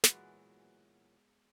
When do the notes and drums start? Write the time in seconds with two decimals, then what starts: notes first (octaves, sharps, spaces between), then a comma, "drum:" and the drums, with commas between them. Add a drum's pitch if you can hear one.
0.04 A#2 E3 F#3 G#3 B3 F#4, drum: snare